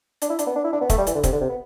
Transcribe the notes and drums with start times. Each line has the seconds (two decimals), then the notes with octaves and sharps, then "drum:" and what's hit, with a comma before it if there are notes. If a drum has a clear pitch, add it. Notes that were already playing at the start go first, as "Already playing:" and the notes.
0.22 D4, drum: hi-hat
0.30 E4
0.39 D4, drum: hi-hat
0.47 B3
0.56 D4
0.64 E4
0.73 D4
0.81 B3
0.90 A3, drum: kick, hi-hat
0.98 G3
1.07 E3, drum: hi-hat
1.15 D3
1.24 C3, drum: kick, hi-hat
1.32 D3
1.40 C3
1.49 B3